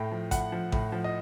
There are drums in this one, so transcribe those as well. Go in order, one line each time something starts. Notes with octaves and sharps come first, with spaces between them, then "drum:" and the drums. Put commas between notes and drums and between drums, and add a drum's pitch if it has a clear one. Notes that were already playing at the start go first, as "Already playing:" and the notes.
Already playing: A2 G5
F3
A2 F#5, drum: kick A1, hi-hat
F3
A2, drum: kick A1
F3
D#5